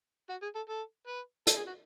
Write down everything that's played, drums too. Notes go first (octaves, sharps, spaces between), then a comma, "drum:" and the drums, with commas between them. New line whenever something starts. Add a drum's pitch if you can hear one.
F#4
G#4
A4
A4
B4
A4, drum: hi-hat
G#4
F#4